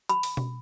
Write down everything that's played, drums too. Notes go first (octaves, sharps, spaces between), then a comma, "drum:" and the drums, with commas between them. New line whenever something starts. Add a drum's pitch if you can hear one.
B5, drum: hi-hat
drum: open hi-hat
drum: tom B2